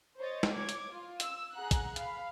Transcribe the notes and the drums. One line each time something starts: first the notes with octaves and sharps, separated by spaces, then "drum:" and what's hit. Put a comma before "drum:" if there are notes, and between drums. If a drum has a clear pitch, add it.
C5 C#5 D#5 A6
drum: snare
C#5 D6 G#6
drum: hi-hat
F4
E6, drum: hi-hat
G#4 F#5 A#5 F#6
drum: kick, hi-hat
F5 B5, drum: hi-hat